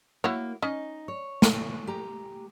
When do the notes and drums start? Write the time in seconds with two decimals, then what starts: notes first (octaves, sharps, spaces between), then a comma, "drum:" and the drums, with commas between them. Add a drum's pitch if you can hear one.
0.24 A#3 E4 F#4 C#5
0.62 C#4 D#4 D#5
1.08 C#5
1.42 drum: snare
1.87 G4 A#5